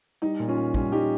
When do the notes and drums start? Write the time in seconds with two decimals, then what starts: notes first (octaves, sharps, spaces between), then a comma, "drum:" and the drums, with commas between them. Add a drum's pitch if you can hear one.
0.22 G3 D#4
0.40 A#2
0.48 C#4 F4
0.57 A#2
0.74 G3 C#4 F4, drum: kick
0.92 G3 D#4 G4